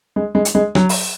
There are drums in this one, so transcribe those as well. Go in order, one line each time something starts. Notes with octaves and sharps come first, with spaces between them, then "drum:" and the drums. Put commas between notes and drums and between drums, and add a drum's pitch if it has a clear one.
G#3
G#3
drum: hi-hat
G#3
F#3, drum: rim click
drum: open hi-hat